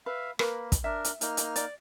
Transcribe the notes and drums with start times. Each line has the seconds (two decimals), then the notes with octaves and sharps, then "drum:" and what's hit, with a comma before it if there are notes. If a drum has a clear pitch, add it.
0.06 B4 E5 F5
0.39 A#3 A#4 B4, drum: rim click
0.72 drum: kick, hi-hat
0.84 D4 A#4 E5
1.05 drum: hi-hat
1.21 A#3 D#4 F6, drum: hi-hat
1.37 drum: hi-hat
1.56 D5, drum: hi-hat